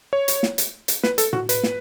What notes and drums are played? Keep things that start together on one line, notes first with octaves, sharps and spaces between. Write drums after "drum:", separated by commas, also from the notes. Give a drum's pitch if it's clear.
C#5
drum: hi-hat
drum: snare
drum: hi-hat
drum: hi-hat
B4, drum: snare
A4, drum: hi-hat
F#4, drum: tom A2
B4, drum: hi-hat
drum: snare